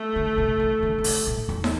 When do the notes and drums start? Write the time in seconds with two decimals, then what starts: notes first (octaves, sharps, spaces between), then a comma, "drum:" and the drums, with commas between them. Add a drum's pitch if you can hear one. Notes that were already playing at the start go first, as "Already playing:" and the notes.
Already playing: A3
0.16 D3
0.38 C3
0.60 E3
0.83 D3
0.98 D3
1.04 C3, drum: open hi-hat
1.27 A2
1.49 E2
1.64 drum: snare